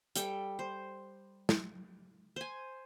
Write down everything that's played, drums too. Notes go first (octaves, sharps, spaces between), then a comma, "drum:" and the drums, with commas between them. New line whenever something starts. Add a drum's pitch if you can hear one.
G3 A4 G5, drum: hi-hat
C5
drum: snare
C5 G#5